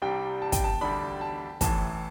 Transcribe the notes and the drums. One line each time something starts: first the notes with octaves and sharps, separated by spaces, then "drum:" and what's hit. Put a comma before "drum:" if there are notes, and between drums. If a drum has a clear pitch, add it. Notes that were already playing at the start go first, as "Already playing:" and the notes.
C2 C3 G3 D4 G5
A5
G5, drum: kick, hi-hat
A5
D2 D3 G3 D4 B5
A5
A1 A2 E3 A5, drum: kick, hi-hat